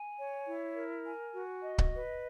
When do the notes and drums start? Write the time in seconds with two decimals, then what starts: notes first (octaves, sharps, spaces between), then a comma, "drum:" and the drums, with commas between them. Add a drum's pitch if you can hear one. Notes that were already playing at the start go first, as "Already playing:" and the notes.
Already playing: G#5
0.17 C#5
0.46 E4
0.76 A#4
1.05 G#5
1.34 F#4
1.64 D#5
1.78 drum: kick C#1
1.93 B4